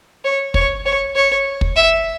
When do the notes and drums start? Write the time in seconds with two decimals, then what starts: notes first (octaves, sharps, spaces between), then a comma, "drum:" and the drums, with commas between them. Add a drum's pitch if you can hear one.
0.25 C#5
0.54 C#5, drum: kick
0.86 C#5
1.16 C#5
1.61 drum: kick
1.76 E5